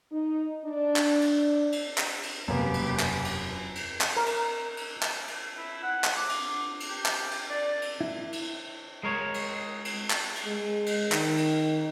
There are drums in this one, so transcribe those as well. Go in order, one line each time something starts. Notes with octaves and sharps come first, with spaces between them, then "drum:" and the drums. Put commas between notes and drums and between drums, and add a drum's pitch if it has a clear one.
D#4
D4
drum: clap
drum: cymbal
drum: cymbal
drum: clap
drum: cymbal
E1 F#2 C3 A#3 B3 G4 B4
drum: cymbal
drum: clap
drum: cymbal
drum: cymbal
drum: clap
A#4
drum: cymbal
drum: cymbal
drum: clap
drum: cymbal
E4
F#5
drum: clap
D6
drum: cymbal
drum: cymbal
G4
drum: clap
drum: cymbal
D5
drum: cymbal
E4
drum: cymbal
G#3 A#4 C#5
drum: cymbal
drum: cymbal
drum: clap
drum: cymbal
G#3
drum: cymbal
D#3, drum: clap
drum: cymbal